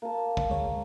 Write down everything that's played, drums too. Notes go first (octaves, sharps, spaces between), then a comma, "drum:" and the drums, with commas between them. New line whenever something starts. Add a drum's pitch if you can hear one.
A#3 A5
drum: kick
D2 G#3 C#5